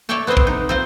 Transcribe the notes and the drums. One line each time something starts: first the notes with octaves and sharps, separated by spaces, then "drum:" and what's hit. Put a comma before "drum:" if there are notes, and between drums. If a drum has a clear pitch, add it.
A4 C#5 D5 E5 G5 A5
B3 C4 C5 D#5 E5
drum: kick
D#4
C4 F4 C5